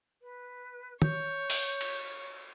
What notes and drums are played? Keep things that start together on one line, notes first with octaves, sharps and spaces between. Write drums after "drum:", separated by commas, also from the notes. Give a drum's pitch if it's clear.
B4
C#5 G6, drum: tom
drum: open hi-hat
drum: cymbal